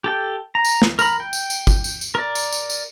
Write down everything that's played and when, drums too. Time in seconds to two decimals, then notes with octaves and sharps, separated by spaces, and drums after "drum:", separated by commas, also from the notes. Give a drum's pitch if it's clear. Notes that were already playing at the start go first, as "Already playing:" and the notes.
0.04 G4 A4 G5
0.55 A#5
0.65 drum: tambourine
0.82 drum: snare
0.99 A#4 A#5 B5, drum: tambourine
1.20 G5
1.33 drum: tambourine
1.50 drum: tambourine
1.67 drum: kick G1, tambourine
1.84 drum: tambourine
2.01 drum: tambourine
2.15 A#4 D5
2.35 drum: tambourine
2.52 drum: tambourine
2.70 drum: tambourine